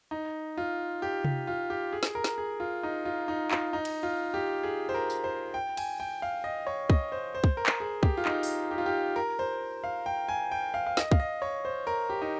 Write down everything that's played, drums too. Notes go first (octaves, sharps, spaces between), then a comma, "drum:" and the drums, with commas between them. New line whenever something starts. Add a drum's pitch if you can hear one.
D#4
F4
G4
G4, drum: tom C3
F4
G4
G#4
drum: snare
A#4
drum: snare
G#4
F4
D#4
F4
D#4
F4, drum: clap
D#4
drum: cymbal
F4
G4
G#4
C5
A#4
drum: tambourine
C5
G5
G#5, drum: cymbal
G5
F5
D#5
C#5
D#5, drum: kick
C5
C5
drum: kick
A#4
drum: clap
G#4
G4, drum: kick
F4
D#4, drum: clap
drum: open hi-hat
G4
F4
G4
A#4
C5
F5
G5
G#5
G5
F5
F5
D#5, drum: snare
F5, drum: kick
D#5
C#5
C5
A#4
G4
D#4